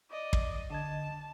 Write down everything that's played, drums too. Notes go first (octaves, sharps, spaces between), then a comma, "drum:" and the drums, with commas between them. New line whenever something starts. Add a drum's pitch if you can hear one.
D5 D#5
drum: kick
D3 D#5 A5 G#6